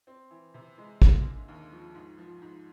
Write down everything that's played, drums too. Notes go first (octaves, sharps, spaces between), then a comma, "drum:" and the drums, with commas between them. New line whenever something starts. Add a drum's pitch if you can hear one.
C4
E3
C3
G#3
A#3, drum: kick
D3
D#2
F3
G#2
F3
G#2